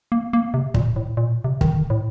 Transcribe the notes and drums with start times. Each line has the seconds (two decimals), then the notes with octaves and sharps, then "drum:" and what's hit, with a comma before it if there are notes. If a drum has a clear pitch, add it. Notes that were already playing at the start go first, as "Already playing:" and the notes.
0.12 A#3
0.33 A#3
0.54 C3
0.74 A#2, drum: kick
0.96 A2
1.17 A#2
1.44 C3
1.61 D#3, drum: kick
1.73 D3
1.90 A2